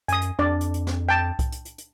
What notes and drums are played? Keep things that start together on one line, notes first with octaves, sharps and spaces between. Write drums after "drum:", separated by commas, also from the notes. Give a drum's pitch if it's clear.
F#2 G#5 D#6, drum: hi-hat
drum: hi-hat
F2 D4 D5
drum: hi-hat
drum: hi-hat
drum: snare
G5 A5
drum: kick C2, hi-hat
drum: hi-hat
drum: hi-hat
drum: hi-hat